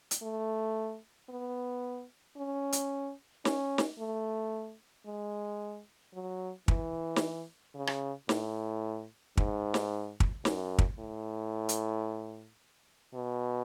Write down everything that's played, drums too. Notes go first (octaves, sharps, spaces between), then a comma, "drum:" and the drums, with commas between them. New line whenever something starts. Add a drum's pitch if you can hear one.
drum: hi-hat
A3
B3
C#4
drum: hi-hat
C#4, drum: snare
drum: snare
A3
G#3
F#3
E3, drum: kick
drum: snare
C#3
drum: rim click
A2, drum: snare
G#2, drum: kick
drum: snare
drum: kick
F#2, drum: snare
drum: kick
A2
drum: hi-hat
B2